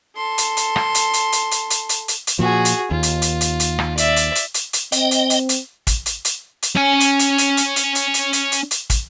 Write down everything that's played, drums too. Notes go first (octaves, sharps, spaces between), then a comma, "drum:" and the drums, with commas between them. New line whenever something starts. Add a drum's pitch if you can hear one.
A4 C6
drum: hi-hat
drum: hi-hat
drum: rim click
drum: hi-hat
drum: hi-hat
drum: hi-hat
drum: hi-hat
drum: hi-hat
drum: hi-hat
drum: hi-hat
drum: hi-hat
A#2 F3 F#4 G#4
drum: hi-hat
D#2 F4
drum: hi-hat
drum: hi-hat
drum: hi-hat
drum: hi-hat
drum: rim click
D5 E5, drum: hi-hat
drum: hi-hat
drum: hi-hat
drum: hi-hat
drum: hi-hat
C4 D#5 G5, drum: hi-hat
drum: hi-hat
drum: hi-hat
drum: hi-hat
drum: kick, hi-hat
drum: hi-hat
drum: hi-hat
drum: hi-hat
C#4 G#5
drum: hi-hat
drum: hi-hat
drum: hi-hat
drum: hi-hat
drum: hi-hat
drum: hi-hat
drum: hi-hat
drum: hi-hat
drum: hi-hat
drum: hi-hat
drum: kick, hi-hat